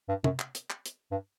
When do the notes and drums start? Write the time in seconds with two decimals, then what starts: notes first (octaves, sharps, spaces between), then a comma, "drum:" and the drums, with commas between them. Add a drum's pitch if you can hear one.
0.09 G2
0.24 F#2, drum: tom
0.39 drum: clap
0.55 drum: hi-hat
0.70 drum: clap
0.86 drum: hi-hat
1.11 G2